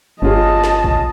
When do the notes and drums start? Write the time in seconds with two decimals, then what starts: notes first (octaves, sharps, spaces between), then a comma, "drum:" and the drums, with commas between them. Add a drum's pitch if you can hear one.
0.22 G1 C#4 F4 G#4 D#5 A5
0.64 drum: snare
0.84 drum: kick